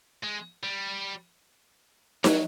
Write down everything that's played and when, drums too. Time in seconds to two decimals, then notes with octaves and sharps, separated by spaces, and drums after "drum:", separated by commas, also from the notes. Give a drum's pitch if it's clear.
0.24 G#3
0.63 G3
2.24 F#3, drum: snare D#4